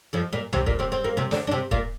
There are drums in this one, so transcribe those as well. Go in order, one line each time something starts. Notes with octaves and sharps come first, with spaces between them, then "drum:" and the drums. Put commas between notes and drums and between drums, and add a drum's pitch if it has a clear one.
F2 F3
A#2 A#3
C3 C4, drum: tom C#2
A#2 A#3, drum: kick
C3 C4
C4
A#3
C3 C4
D3 D4, drum: snare
D4
C3 C4
A#2 A#3, drum: kick